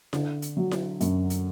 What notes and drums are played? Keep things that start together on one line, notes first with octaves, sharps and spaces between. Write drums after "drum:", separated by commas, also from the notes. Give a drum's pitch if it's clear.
D3, drum: snare E4
drum: hi-hat
F#3
drum: snare E4
F#2, drum: hi-hat
drum: hi-hat